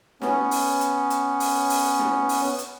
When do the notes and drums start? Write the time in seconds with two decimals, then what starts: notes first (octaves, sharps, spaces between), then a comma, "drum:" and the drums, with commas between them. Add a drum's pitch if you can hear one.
0.22 B3 C#4, drum: snare
0.51 drum: open hi-hat
0.81 drum: hi-hat
1.10 drum: hi-hat
1.40 drum: open hi-hat
1.70 drum: open hi-hat
1.99 drum: snare
2.29 drum: open hi-hat
2.59 drum: hi-hat